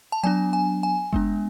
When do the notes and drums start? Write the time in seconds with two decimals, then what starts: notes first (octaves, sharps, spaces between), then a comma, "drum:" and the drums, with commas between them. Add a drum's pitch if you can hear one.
0.12 A5
0.23 F#3 B3 D4 G#5
0.53 G#5
0.83 G#5
1.13 G#3 B3 D4, drum: kick F#1